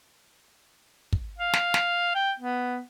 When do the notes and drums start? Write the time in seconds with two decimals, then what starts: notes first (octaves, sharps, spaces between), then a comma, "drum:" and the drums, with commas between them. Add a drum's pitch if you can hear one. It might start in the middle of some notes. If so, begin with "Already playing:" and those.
1.13 drum: kick
1.39 F5
1.53 drum: snare
1.74 drum: snare
2.15 G5
2.40 B3